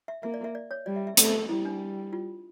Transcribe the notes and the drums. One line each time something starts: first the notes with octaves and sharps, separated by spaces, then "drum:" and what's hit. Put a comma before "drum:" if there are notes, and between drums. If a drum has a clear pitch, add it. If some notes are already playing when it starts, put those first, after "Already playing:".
E5
A#3 E5
D5
E5
D5
C#5
G3 D5
E5
E5
A3 D5, drum: hi-hat
G3 E4
D4
F4